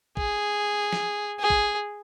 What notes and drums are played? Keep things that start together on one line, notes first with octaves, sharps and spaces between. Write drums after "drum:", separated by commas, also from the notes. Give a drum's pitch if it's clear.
G#4, drum: kick
drum: snare
G#4
drum: kick